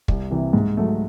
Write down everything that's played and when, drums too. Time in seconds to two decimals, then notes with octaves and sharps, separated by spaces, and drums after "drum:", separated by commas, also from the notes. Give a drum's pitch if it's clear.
0.08 C2, drum: kick
0.31 C3 E3
0.53 G#2
0.77 F#3 A3